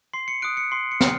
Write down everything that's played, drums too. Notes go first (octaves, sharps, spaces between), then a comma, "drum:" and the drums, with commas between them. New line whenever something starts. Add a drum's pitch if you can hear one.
C6 C7
C#7
D#6 F#6 D7
C#7
C6 C7
C#7
F6, drum: snare